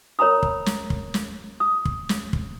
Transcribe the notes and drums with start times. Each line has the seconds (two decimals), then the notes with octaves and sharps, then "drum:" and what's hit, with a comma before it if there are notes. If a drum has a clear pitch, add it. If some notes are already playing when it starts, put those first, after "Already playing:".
0.19 A#4 C#5 A#5 B5 D#6
0.43 drum: kick
0.66 drum: snare
0.90 drum: kick
1.14 drum: snare
1.60 D#6
1.85 drum: kick
2.09 drum: snare
2.33 drum: kick